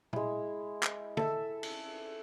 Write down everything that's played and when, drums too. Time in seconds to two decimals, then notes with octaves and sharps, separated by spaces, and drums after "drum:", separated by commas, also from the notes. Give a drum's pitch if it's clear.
0.13 G#3 E4, drum: tom
0.83 drum: clap
1.17 A4 E5, drum: tom
1.63 drum: cymbal